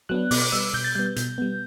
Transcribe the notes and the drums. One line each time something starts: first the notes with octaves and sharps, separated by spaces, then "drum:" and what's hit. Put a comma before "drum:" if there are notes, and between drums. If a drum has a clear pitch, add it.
F#3 B3 D4 F#6
B2 D6, drum: open hi-hat
D6
G3 B3 E6
B2 G6
A6
G3 B3 G6
G6
B2 G6, drum: hi-hat
G3 B3